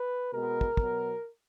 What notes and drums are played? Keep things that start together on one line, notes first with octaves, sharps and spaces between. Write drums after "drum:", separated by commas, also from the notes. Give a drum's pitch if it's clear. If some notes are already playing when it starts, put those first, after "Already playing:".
Already playing: B4
B2 G#3 B3 A#4
drum: kick
B2 F#3 B3, drum: kick